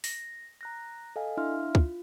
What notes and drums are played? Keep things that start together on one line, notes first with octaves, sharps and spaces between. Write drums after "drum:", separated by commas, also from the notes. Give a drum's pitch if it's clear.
A#6, drum: open hi-hat
A#5 F#6 A#6
A4 D#5 F5 G#5
D4 E4 E5 F5 C6 F6
F4, drum: kick